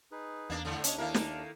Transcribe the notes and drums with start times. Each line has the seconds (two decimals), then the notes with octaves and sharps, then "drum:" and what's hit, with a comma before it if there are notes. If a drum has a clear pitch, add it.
0.12 D#4 G#4 B4
0.50 E2 A#3 D4
0.65 G#2 D3 A4
0.84 D#2 C#4 D4 C#5 D#5, drum: hi-hat
0.98 D#3 A#3 E4 A4 A#4 F5
1.14 drum: snare